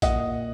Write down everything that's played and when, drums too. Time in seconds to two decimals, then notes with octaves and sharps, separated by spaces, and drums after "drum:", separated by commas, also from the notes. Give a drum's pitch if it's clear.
0.02 A#2 D#5 F#5, drum: kick, hi-hat